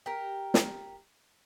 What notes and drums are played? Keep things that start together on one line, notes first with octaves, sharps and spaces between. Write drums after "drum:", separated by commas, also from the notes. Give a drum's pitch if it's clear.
G4 A#4
drum: snare